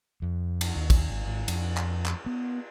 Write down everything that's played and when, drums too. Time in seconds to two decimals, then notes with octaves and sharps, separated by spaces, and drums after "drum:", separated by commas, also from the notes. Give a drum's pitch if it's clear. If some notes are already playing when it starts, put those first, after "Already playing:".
0.22 F2
0.61 drum: cymbal
0.76 D#2
0.90 drum: kick, cymbal
1.10 G#1
1.26 G#1
1.48 F2, drum: cymbal
1.77 drum: clap
2.06 drum: clap
2.26 B3